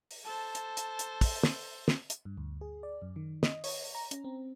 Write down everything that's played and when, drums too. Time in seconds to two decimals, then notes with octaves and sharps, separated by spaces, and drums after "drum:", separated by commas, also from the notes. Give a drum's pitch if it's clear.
0.11 drum: open hi-hat
0.25 A4 C5 A5
0.55 drum: hi-hat
0.77 drum: hi-hat
0.99 drum: hi-hat
1.21 drum: kick, open hi-hat
1.43 drum: snare
1.88 drum: snare
2.10 drum: hi-hat
2.25 G2
2.38 D2
2.61 G#4
2.83 D5
3.02 F#2
3.16 D#3
3.43 D#5, drum: snare
3.64 C#5, drum: open hi-hat
3.95 A#5
4.11 C#4, drum: hi-hat
4.24 C4